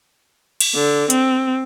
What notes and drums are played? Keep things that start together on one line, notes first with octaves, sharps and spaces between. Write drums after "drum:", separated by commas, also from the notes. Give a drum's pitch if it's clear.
drum: cymbal
D3
C4, drum: hi-hat